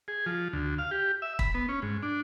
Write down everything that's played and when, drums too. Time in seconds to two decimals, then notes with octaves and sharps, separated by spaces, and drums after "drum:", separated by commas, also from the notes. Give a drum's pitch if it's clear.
0.08 G#4
0.26 F3
0.53 D2
0.78 F5
0.91 G4
1.22 E5
1.39 B5, drum: kick
1.54 B3
1.69 C#4
1.82 G#2
2.03 D4